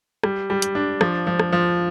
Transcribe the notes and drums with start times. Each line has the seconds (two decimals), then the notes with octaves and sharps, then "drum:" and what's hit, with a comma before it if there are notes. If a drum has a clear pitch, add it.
0.24 G3, drum: rim click
0.50 G3
0.62 drum: hi-hat
0.75 D4
1.01 F3, drum: rim click
1.27 F3
1.39 drum: rim click
1.53 F3